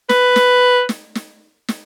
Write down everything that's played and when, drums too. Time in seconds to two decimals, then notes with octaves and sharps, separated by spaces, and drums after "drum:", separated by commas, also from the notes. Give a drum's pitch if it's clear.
0.09 B4, drum: snare
0.36 drum: snare
0.89 drum: snare
1.15 drum: snare
1.68 drum: snare